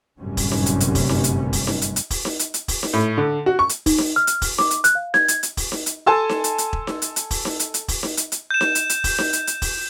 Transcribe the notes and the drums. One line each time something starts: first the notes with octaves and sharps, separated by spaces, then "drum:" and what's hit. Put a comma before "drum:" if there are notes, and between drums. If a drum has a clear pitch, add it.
G1 F#2 A2 C3 G3 C#4
drum: kick E1, open hi-hat
drum: snare D#4
drum: hi-hat
drum: hi-hat
drum: kick E1, open hi-hat
drum: snare D#4
drum: hi-hat
drum: kick E1, open hi-hat
drum: snare D#4
drum: hi-hat
drum: hi-hat
drum: kick E1, open hi-hat
drum: snare D#4
drum: hi-hat
drum: hi-hat
drum: kick E1, open hi-hat
drum: snare D#4
A2
D3
F#4
C#6
drum: hi-hat
D#4, drum: kick E1, open hi-hat
drum: snare D#4
F6
drum: hi-hat
drum: kick E1, open hi-hat
D6, drum: snare D#4
drum: hi-hat
F#6, drum: hi-hat
F5
G#6, drum: snare D#4
drum: hi-hat
drum: hi-hat
drum: kick E1, open hi-hat
drum: snare D#4
drum: hi-hat
A4 G#5 A5 C6 E6
drum: snare D#4
drum: hi-hat
drum: hi-hat
drum: kick E1
drum: snare D#4
drum: hi-hat
drum: hi-hat
drum: kick E1, open hi-hat
drum: snare D#4
drum: hi-hat
drum: hi-hat
drum: kick E1, open hi-hat
drum: snare D#4
drum: hi-hat
drum: hi-hat
G6 E7
drum: snare D#4
drum: hi-hat
drum: hi-hat
drum: kick E1, open hi-hat
drum: snare D#4
drum: hi-hat
drum: hi-hat
drum: kick E1, open hi-hat